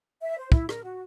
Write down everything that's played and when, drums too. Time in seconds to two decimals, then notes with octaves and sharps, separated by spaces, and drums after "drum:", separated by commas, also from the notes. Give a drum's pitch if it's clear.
0.21 E5
0.38 C5
0.52 E4, drum: kick
0.69 A#4, drum: rim click
0.83 F#4